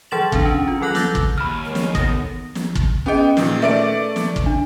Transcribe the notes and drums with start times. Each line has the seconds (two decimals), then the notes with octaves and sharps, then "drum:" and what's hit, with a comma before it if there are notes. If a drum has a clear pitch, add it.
0.11 E3 F#3 G#4 A6 E7 F#7
0.32 C4 D4, drum: kick
0.45 C#4
0.68 F4
0.81 D#3 F#3 A4 F#6 A#6 F#7
0.95 D6 E6 F#6 G6 A6 A#6, drum: snare
1.15 drum: kick
1.38 D#2 B5 F6
1.65 G#3 A#4 C#5
1.75 drum: snare
1.95 B3 D#4 A4 D#6 A#6, drum: kick
2.55 drum: snare
2.75 drum: kick
3.06 B3 C#4 G#4 D#5 G5
3.37 A#2 D#3, drum: snare
3.62 A3 A#4 B4 D5 E5 D7
4.16 drum: snare
4.36 drum: kick
4.46 D4